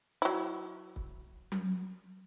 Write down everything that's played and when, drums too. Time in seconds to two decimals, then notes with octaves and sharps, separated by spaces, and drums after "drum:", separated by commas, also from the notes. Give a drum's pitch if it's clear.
0.22 F#3 E4
0.96 drum: kick
1.52 drum: tom F#3